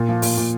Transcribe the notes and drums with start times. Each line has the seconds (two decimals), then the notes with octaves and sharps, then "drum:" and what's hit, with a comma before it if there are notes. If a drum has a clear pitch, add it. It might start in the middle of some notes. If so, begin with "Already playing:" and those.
Already playing: A#2
0.09 F3
0.22 A#2, drum: open hi-hat
0.37 A#2